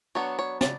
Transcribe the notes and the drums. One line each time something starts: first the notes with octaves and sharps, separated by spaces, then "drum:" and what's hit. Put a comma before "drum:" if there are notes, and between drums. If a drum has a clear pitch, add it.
F#3 B3 D4 C#5
C#5
D5, drum: snare